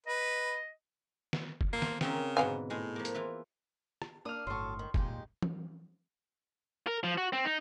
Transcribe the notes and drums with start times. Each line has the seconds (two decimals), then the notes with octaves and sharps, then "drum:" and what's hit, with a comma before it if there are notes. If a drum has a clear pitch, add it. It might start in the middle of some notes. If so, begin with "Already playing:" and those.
0.06 B4 D#5
1.33 drum: snare
1.61 drum: kick
1.73 A#3 F4 A4 C5
1.82 drum: snare
2.01 C#3 C4 C#4 A#4, drum: snare
2.37 G#2 B2 D3 B3 F5 G#5
2.70 A2 G#3 G#4
2.96 F3 A#3
3.05 drum: hi-hat
3.14 E3 F4 E5
4.02 drum: rim click
4.25 A#3 D4 D#6 F6
4.47 G1 A2 F#3 A4 C6 C#6
4.79 D#3
4.94 A#2 G#3 D#4 G4, drum: kick
5.42 drum: tom
6.87 A#4
7.04 F3
7.18 F#4
7.33 C4
7.45 D#4